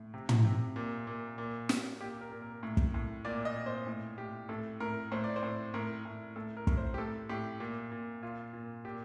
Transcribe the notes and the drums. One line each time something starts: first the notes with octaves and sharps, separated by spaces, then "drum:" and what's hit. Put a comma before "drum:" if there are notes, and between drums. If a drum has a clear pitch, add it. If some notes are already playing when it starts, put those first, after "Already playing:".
Already playing: A2
C3
drum: tom
C3
A#2
A#2
A#2
A#2, drum: snare
A#2 G4
A#4
A#2
A#4
A2
drum: kick
A2
A#2 D5
D#5
A#2
C5
A2
A2 G4
A2 A4
A2 A#4
A2 C5
D5
C5
A2
A2 A#4
A2
A2 A4
A#4
A2, drum: kick
C5
G4
A2 A4
A2 G4
A#2
A#2
A#2 F4
A#2
A#2 G4